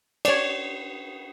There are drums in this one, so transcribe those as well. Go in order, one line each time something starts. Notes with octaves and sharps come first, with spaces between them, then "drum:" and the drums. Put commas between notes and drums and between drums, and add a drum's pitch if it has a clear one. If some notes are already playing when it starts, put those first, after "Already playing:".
C#5 D5, drum: cymbal